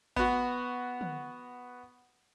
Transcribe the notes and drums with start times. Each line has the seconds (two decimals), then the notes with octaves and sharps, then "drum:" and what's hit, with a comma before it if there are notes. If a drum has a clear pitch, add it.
0.16 B3 F#4, drum: kick G#1
1.01 drum: tom